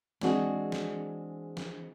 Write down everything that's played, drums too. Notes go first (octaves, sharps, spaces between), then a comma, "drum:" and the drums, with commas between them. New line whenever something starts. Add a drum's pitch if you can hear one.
E3 G#3 C4 D4 F#4 G#4, drum: snare
drum: snare
drum: snare